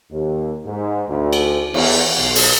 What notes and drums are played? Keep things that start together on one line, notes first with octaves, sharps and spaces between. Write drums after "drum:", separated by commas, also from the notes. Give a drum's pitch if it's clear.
D#2
G#2
D2
drum: cymbal
E2, drum: cymbal
B1
drum: open hi-hat